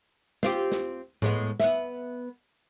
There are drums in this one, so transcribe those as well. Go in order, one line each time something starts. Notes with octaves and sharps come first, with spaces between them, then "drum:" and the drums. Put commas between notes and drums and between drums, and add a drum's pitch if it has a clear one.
C4 F4 G4, drum: snare
drum: snare
A2 G#3 B3, drum: tom G#2
B3 E5, drum: snare